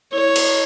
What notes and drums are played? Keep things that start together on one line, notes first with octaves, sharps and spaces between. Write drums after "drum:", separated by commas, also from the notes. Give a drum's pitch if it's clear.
E4 C#5
drum: cymbal